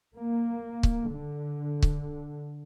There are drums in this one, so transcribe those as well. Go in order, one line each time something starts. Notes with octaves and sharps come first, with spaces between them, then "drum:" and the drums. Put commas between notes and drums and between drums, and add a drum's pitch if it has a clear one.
A#3
drum: kick C#1
D3
drum: kick C#1